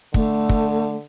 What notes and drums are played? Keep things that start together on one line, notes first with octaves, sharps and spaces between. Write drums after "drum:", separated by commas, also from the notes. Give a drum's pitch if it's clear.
D3 A3, drum: kick
drum: kick